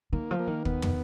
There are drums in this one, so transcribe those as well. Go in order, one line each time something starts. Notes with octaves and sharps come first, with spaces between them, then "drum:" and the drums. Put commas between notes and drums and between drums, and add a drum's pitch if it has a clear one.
D#3 A#3
F3
A#3
D#3
B3, drum: kick
drum: tom